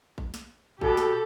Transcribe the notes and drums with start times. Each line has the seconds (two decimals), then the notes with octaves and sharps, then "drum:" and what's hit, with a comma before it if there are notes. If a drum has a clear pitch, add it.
0.18 drum: kick A1
0.34 drum: snare
0.81 B2 G4 A4, drum: kick A1
0.97 drum: snare